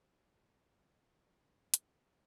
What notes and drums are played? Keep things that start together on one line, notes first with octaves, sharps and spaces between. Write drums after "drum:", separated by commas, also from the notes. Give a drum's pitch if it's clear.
E3 G#3 A#3 C#4 E4 F4
drum: hi-hat